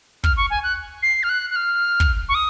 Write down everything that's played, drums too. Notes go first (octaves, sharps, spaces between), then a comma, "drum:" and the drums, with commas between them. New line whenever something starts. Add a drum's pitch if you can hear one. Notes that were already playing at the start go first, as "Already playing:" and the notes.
F6, drum: kick
C#6
G#5
F#6
C7
F6
F#6
F#6
F6
drum: kick
C#6
D#6